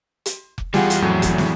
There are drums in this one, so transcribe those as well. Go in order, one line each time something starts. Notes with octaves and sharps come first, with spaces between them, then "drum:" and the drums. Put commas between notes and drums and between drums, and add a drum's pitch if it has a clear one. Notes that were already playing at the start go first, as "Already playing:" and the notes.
drum: hi-hat
drum: kick F1
E3 G3 F4 G#4 F#5, drum: snare
drum: hi-hat
F2 A2 F#3
drum: kick F1, hi-hat
drum: snare